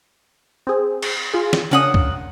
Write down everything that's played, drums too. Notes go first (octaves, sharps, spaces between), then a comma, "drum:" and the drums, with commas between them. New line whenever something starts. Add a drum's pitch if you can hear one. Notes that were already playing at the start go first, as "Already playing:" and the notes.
C4 G#4
drum: cymbal
F4 G#4
drum: snare
C#3 A#3 C#4 D4 F#5 D#6
drum: kick